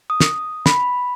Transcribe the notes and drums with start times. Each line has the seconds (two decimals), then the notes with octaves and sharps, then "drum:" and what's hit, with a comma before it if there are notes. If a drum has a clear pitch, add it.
0.10 D#6
0.20 drum: snare
0.66 B5, drum: snare